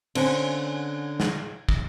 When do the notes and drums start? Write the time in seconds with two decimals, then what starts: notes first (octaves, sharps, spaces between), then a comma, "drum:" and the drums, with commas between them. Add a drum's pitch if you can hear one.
0.15 D3 C4 C#4, drum: cymbal
1.20 drum: snare
1.69 drum: kick